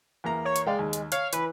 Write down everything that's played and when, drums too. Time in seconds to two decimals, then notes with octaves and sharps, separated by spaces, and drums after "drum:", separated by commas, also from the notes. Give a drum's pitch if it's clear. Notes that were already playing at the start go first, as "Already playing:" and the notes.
0.24 E2 A#3 A#5
0.45 C#5
0.56 drum: hi-hat
0.67 G#3 D5 F5 G5
0.79 D#2
0.93 drum: hi-hat
1.12 C#5 F5, drum: hi-hat
1.33 E3 B4, drum: hi-hat